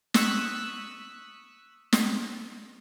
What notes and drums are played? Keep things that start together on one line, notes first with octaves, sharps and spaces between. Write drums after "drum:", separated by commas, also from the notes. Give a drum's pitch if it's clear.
C#6 D#6 E6 F#6 B6 C#7, drum: snare
drum: snare